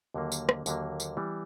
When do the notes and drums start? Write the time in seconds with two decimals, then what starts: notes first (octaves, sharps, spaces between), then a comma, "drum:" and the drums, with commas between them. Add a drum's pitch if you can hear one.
0.14 D#2 D3 F#3 A#3
0.32 drum: tambourine
0.49 drum: rim click
0.66 D#2 D3 F#3 A#3, drum: tambourine
1.00 drum: tambourine
1.17 E3 G3 B3